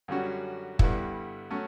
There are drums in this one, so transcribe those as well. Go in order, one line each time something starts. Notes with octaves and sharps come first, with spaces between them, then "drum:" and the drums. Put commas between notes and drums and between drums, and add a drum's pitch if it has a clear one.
F#2 D3 G3 C#4 F#4
G2 D3 G3 B3 E4, drum: kick
F#3 A3 C#4